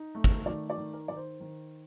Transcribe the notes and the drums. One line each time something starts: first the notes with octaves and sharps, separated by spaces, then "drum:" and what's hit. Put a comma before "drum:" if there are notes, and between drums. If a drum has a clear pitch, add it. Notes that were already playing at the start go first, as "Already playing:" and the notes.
Already playing: D#4
A3
drum: kick
D#3 D5
D5
D#3
A#4
D#3 D5
C5
D#3